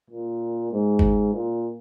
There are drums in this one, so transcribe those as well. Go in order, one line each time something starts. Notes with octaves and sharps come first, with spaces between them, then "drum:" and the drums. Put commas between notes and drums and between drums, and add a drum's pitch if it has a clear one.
A#2
G#2
drum: kick G1
A#2